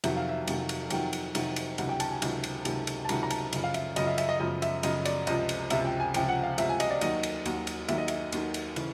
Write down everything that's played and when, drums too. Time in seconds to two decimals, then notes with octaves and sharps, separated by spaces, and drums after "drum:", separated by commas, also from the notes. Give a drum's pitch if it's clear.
0.04 F2 C3 D#3 F#3 E5, drum: cymbal
0.17 F5
0.29 E5
0.48 F2 C3 D#3 F#3, drum: cymbal
0.69 drum: cymbal
0.90 F2 C3 D#3 F#3 G5, drum: cymbal
1.13 drum: cymbal
1.35 F2 C3 D#3 F#3, drum: cymbal
1.56 drum: cymbal
1.78 C#2 C3 D#3 F#3 F#5, drum: cymbal
1.89 G5
2.00 A5, drum: cymbal
2.11 G#5
2.22 C#2 C3 D#3 F#3, drum: cymbal
2.44 drum: cymbal
2.65 C#2 C3 D#3 F#3, drum: cymbal
2.87 drum: cymbal
3.05 A5
3.09 C#2 C3 D#3 F#3 A#5, drum: cymbal
3.23 A#5
3.30 A5, drum: cymbal
3.53 F#2 C#3 F3, drum: cymbal
3.64 F5
3.74 E5, drum: cymbal
3.96 F#2 C#3 F3 D#5, drum: cymbal
4.07 E5
4.18 E5, drum: cymbal
4.29 D#5
4.40 F#2 C#3 F3 D#5
4.62 E5, drum: cymbal
4.83 F#2 C#3 F3 D#5, drum: cymbal
5.05 D5, drum: cymbal
5.27 C#2 C3 F3 D#5, drum: cymbal
5.49 drum: cymbal
5.70 C#2 C3 F3 E5, drum: cymbal
5.85 G5
6.00 G#5
6.14 C#2 C3 F3 G5, drum: cymbal
6.29 F#5
6.44 F5
6.58 C#2 C3 F3 E5, drum: cymbal
6.69 G#5
6.80 D#5, drum: cymbal
6.90 D5
7.01 D#2 D#3 F#3 D#5, drum: cymbal
7.23 drum: cymbal
7.46 D#2 D#3 F#3, drum: cymbal
7.67 drum: cymbal
7.88 D#2 D#3 F#3 E5, drum: cymbal
7.98 D#5
8.08 E5, drum: cymbal
8.32 D#2 D#3 F#3, drum: cymbal
8.54 drum: cymbal
8.76 C#3 E3, drum: cymbal